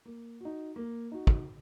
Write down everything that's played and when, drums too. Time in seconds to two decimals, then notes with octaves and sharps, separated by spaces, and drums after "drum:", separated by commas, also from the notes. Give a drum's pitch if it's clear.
0.05 A#3
0.40 D#4 F#4
0.76 A#3
1.12 D#4 F#4
1.27 drum: kick